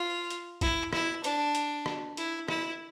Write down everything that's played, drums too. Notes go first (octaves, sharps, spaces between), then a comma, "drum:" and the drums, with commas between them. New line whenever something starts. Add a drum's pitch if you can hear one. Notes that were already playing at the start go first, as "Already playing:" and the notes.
Already playing: F4
drum: hi-hat
E4, drum: kick, hi-hat
E4, drum: rim click
D4, drum: hi-hat
drum: hi-hat
drum: rim click
E4, drum: hi-hat
E4, drum: rim click